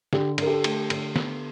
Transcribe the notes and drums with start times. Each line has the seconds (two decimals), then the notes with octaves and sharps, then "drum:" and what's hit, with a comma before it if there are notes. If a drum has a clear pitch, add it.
0.13 D3 G4, drum: snare
0.38 D3 A#4, drum: cymbal
0.47 G4 A4
0.64 A3, drum: cymbal
0.90 D3, drum: cymbal
1.16 B3, drum: snare